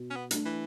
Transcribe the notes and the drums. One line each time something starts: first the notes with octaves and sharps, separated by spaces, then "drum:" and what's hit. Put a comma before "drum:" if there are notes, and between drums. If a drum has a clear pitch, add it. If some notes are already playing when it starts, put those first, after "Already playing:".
Already playing: B2
C#4
B3
A3 D4, drum: hi-hat
E3